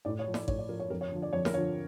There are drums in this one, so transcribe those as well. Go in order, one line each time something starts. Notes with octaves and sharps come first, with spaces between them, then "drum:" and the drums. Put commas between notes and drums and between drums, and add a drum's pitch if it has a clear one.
A2 D5
C#5
F3
D5, drum: snare
A2 C#5, drum: kick A1
D5
F3 A#4
C#5
F2 A#4
C#5
D3 F3
D5
F2 C#5
A#4, drum: snare
D3 F3 C#5